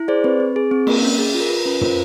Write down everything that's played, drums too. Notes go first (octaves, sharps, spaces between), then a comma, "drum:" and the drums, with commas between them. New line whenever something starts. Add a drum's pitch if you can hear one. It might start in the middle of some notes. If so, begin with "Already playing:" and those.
Already playing: E4
G#4 C5 D5
C4 B4
C4
G#4
C4
A#3 A#4, drum: cymbal
C#4
G#4
F4
A#4
F4 B4
C#4 B4
F4 A#4 C5, drum: tom